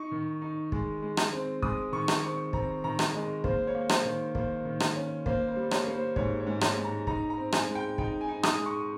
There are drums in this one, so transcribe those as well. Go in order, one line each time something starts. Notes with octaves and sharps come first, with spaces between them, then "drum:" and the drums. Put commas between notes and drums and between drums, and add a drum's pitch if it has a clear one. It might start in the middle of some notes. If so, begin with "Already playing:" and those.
Already playing: D#4 C#6
D#3
D#4
G#3, drum: kick
G#3
drum: rim click
C4
G#3 D#6, drum: kick
D#3 C#6
drum: rim click
C4 C#6
C4 A#5, drum: kick
D#3 A#5
drum: rim click
G#3 D#5
A#3 C5, drum: kick
C#5
A#3
C5, drum: rim click
D#3
A#3 C5, drum: kick
D#3
drum: rim click
C#4
A#3 C5, drum: kick
C5
G3
C#5, drum: rim click
A#3
C5
G#2 C#5, drum: kick
C#5
G#2
C#5, drum: rim click
G#2
A#5
D#4 A#5, drum: kick
A#5
C4
G#5, drum: rim click
G#3
G5
D#4 G5, drum: kick
G#5
D#4
D#6, drum: rim click
G#3
C#6